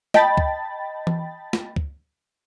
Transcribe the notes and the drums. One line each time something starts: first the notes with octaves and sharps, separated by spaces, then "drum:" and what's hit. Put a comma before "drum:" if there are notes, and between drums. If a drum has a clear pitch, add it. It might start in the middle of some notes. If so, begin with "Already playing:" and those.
D#5 G5 A5 B5 A6, drum: snare
drum: kick
drum: tom E3
drum: snare
drum: kick